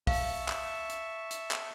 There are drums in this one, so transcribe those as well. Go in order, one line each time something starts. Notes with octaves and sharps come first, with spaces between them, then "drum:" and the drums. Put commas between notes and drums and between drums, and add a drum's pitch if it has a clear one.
E5 F5 A5 C#6, drum: kick, open hi-hat
drum: clap
drum: hi-hat
drum: hi-hat
drum: clap